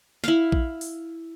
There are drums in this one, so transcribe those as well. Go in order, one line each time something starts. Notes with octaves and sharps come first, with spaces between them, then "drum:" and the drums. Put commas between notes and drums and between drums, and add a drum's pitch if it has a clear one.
E4 F5, drum: snare
drum: kick A#1
drum: open hi-hat